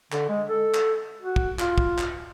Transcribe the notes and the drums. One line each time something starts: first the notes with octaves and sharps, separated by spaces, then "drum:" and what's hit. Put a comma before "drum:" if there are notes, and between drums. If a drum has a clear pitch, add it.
D3, drum: clap
G#3
A4
drum: clap
F#4
drum: kick
F4, drum: clap
drum: kick
drum: clap